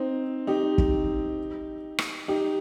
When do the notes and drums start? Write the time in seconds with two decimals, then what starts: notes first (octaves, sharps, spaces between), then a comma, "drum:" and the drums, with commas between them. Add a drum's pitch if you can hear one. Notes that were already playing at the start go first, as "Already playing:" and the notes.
Already playing: C4 D#4
0.47 D#4 G4
0.78 drum: kick
1.99 drum: rim click
2.28 D#4 G4